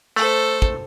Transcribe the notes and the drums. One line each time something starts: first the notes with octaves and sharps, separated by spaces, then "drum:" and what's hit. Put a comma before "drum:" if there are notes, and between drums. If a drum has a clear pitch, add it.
A3 A4 C5
drum: kick